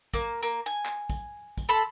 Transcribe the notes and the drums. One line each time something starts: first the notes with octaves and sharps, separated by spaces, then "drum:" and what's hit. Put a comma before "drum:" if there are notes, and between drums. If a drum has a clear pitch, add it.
A#3, drum: kick A#1, tambourine
A#3
G#5
drum: clap
drum: kick A#1, tambourine
drum: kick A#1, tambourine
A4 A5 B5 C6